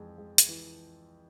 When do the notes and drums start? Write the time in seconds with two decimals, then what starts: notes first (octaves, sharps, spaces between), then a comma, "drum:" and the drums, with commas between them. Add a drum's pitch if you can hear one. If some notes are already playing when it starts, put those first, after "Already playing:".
Already playing: F2 E3 G#3
0.18 G#3
0.38 drum: hi-hat
0.49 E3